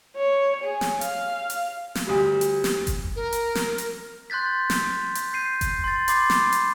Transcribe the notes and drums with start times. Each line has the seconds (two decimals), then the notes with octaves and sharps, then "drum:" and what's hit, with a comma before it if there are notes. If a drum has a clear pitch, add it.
0.16 C#5
0.63 G#4
0.81 drum: snare
1.01 F5, drum: hi-hat
1.50 drum: hi-hat
1.95 drum: snare
2.07 D2 G3
2.41 drum: hi-hat
2.64 drum: snare
2.87 drum: kick G1, hi-hat
3.16 A#4
3.33 drum: hi-hat
3.55 drum: snare
3.78 drum: hi-hat
4.30 C6 F#6 G6 A6 B6
4.70 drum: snare
5.15 drum: hi-hat
5.33 G6 C7 D#7
5.61 drum: kick G1, hi-hat
5.84 C6 A6
6.08 B5 C6 D6 A6 C7, drum: hi-hat
6.30 drum: snare
6.52 drum: hi-hat